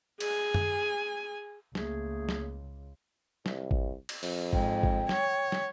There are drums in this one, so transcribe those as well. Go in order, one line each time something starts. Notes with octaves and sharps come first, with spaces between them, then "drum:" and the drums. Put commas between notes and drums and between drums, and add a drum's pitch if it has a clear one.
G#4 G#5, drum: cymbal
drum: tom F#2
C#2 A3 A#3 G#4, drum: snare
drum: snare
C2, drum: snare
drum: kick G#1
drum: cymbal
F2, drum: open hi-hat
G#2 G5, drum: kick G#1
drum: kick G#1
C#5, drum: snare
drum: snare